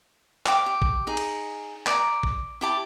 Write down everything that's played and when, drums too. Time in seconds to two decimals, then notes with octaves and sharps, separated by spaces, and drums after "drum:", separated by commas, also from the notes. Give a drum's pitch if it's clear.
0.46 F5 G5 D6, drum: clap
0.66 G4
0.82 drum: kick
1.07 D#4 G#4
1.17 drum: cymbal
1.86 D5 A#5, drum: clap
2.23 drum: kick
2.61 E4 G4 A5